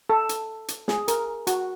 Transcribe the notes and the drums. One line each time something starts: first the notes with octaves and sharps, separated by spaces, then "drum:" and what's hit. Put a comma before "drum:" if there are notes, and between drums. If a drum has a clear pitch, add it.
A4
drum: hi-hat
drum: hi-hat
G#4, drum: snare
A#4, drum: hi-hat
F#4, drum: hi-hat